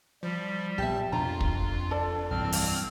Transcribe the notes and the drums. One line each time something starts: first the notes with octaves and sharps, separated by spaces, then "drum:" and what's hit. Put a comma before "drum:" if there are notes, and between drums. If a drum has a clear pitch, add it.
F3 G3
A#1 B3 G4 E5 A5
F2 B2 D4 F4 A#5
drum: kick
A4 D5 A5
B1 G2 E3 C4 F6
drum: open hi-hat